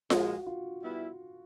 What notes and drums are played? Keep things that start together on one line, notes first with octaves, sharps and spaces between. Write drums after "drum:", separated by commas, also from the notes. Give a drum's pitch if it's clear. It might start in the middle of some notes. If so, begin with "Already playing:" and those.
A#2 F3 G#3 F#4, drum: snare F4
F4
G3 B3 E4